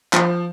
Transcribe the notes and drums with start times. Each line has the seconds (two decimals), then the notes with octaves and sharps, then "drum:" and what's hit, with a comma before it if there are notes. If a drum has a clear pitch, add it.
0.13 F3, drum: clap